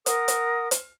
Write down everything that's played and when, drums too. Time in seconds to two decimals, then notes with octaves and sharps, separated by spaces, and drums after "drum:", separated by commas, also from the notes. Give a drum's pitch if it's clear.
0.06 A#4 F#5 D#6, drum: hi-hat
0.28 drum: hi-hat
0.71 drum: hi-hat